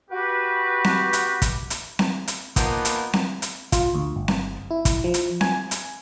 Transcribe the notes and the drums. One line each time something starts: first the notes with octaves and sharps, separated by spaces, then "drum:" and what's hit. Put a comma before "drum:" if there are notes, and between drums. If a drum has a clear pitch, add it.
F#4 G4 B4
drum: snare C4
drum: hi-hat
drum: kick, hi-hat
drum: hi-hat
drum: snare C4
drum: hi-hat
F3 A#3 B3 D#4, drum: kick, hi-hat
drum: hi-hat
drum: snare C4
drum: hi-hat
F4, drum: kick, hi-hat
D2
G1
drum: snare C4
E4
drum: kick, hi-hat
F3
drum: hi-hat
G#5, drum: snare C4
drum: hi-hat